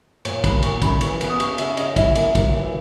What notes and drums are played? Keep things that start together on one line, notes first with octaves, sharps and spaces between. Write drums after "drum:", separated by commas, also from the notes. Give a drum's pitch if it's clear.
A#2 C#5, drum: cymbal
A#3 B5, drum: kick, cymbal
A#2 C#6, drum: cymbal
F#2 B5, drum: kick, cymbal
E3 C#6, drum: cymbal
B3, drum: cymbal
D#6
C#3 C#6, drum: cymbal
C#3 E5, drum: cymbal
C#4 D#5, drum: cymbal
E4 E5, drum: kick, cymbal
A#3, drum: cymbal
F#3, drum: kick, cymbal
E3